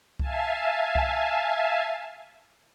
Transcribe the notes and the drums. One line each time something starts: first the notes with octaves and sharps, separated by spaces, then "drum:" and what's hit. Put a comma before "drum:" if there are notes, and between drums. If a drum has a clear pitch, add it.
E5 F5 G#5 A5, drum: kick C2
drum: kick C2